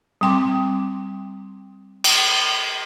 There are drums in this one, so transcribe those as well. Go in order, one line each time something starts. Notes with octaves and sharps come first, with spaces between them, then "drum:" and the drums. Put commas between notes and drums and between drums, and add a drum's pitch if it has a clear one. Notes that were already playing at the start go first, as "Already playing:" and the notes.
G3 C4 G5 C6 D6
drum: cymbal